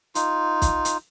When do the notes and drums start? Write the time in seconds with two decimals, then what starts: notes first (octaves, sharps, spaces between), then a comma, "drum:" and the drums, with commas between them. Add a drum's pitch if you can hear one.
0.15 D#4 F4, drum: hi-hat
0.62 drum: kick B1, hi-hat
0.85 drum: hi-hat